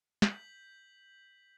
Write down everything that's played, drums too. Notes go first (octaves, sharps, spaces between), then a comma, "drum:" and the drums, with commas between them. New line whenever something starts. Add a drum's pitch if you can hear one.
G6 B6 F#7, drum: snare